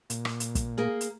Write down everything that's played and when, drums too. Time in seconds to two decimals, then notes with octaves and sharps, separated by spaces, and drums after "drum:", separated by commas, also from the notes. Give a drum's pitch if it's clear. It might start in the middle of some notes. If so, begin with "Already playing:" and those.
0.10 A#2, drum: hi-hat
0.25 drum: rim click
0.40 drum: hi-hat
0.55 drum: kick, hi-hat
0.78 A#3 G#4 A#4
1.01 drum: hi-hat